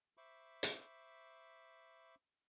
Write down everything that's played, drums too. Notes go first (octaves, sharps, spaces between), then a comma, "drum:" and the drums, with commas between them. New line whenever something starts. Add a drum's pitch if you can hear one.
C5 E5 B5 C#6 D6
drum: hi-hat